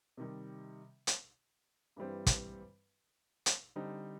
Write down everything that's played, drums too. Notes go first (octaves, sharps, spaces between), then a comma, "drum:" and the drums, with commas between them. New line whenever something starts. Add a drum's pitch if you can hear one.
C3 D#3 G3
drum: hi-hat
G2 E3 G3 C4
drum: kick, hi-hat
drum: hi-hat
D3 G3 C4 D#4